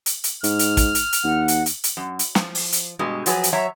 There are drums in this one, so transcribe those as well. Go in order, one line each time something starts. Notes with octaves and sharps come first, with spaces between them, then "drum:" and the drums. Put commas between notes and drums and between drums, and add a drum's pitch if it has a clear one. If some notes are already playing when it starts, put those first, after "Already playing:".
drum: hi-hat
drum: hi-hat
G#2 F6, drum: hi-hat
drum: hi-hat
drum: kick, hi-hat
drum: hi-hat
drum: hi-hat
D#2 F#5
drum: hi-hat
drum: hi-hat
drum: hi-hat
F#2
drum: hi-hat
F3, drum: snare
drum: open hi-hat
drum: hi-hat
G2 B2 G#3
F3 F#3 G#4 B4, drum: hi-hat
drum: hi-hat
F#3 C#5 E5 A#5